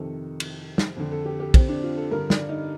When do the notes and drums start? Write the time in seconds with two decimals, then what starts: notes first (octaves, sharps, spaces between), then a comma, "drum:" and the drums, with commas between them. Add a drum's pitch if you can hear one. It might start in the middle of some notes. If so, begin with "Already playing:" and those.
Already playing: F2 C3 D#3 A4
0.40 drum: cymbal
0.78 drum: snare
0.97 F2 D3
1.11 A4
1.26 G4
1.40 G4
1.54 C4, drum: kick, cymbal
1.69 D4
1.83 F4
1.97 A4
2.11 G2 D3 A#4
2.30 D5, drum: snare
2.49 D#4